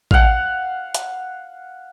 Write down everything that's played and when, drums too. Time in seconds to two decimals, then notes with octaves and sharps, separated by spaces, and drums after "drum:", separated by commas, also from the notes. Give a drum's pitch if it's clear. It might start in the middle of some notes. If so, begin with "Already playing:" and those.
0.11 F5 F#5, drum: kick
0.94 drum: hi-hat